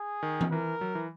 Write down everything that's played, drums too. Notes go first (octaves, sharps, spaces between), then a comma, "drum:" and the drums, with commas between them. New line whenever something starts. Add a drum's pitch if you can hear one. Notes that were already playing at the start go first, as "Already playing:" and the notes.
Already playing: G#4
D#3
drum: tom E3
E3 A#4
F#3
E3